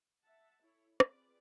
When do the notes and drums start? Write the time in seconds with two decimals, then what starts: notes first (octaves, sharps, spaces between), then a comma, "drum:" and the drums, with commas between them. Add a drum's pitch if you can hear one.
0.24 E5 F#5 A5
0.62 E4 A4 C#5
1.00 C4 F4 G#4 B4 D5, drum: rim click